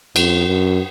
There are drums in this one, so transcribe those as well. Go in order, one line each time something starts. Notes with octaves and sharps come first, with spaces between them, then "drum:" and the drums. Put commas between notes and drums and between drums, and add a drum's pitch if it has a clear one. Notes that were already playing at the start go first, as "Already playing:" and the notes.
F2, drum: cymbal
F#2